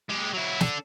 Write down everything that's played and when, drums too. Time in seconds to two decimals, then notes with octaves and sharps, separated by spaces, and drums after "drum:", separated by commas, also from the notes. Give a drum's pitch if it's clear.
0.09 G#3 G4
0.33 F#3 E4
0.60 D4 A4, drum: snare